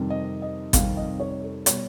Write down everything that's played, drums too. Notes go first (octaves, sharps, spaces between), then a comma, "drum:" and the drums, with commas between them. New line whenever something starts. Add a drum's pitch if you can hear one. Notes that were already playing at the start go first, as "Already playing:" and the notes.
Already playing: F2 C3 D#3 G3
D#5
D#5
F2 C3 D#3 G3 F5, drum: kick, hi-hat
D#5
C#5
A4
B2 G3 C#5, drum: hi-hat